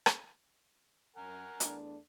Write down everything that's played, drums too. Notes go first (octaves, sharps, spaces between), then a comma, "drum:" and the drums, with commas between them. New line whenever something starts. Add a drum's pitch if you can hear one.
drum: rim click
F#2 A#4 F#5 G#5
E2 A3 D4, drum: hi-hat